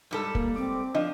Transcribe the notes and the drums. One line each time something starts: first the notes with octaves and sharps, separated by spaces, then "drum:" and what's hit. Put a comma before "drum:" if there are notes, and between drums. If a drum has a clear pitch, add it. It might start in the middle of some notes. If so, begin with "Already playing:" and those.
G#2 G3 A4
A#3, drum: kick
C4 D6
F3 D4 D#5